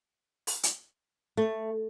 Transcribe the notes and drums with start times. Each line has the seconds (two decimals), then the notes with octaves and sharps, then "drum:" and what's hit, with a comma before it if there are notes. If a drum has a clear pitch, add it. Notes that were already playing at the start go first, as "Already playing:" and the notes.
0.47 drum: open hi-hat
0.63 drum: hi-hat
1.37 A3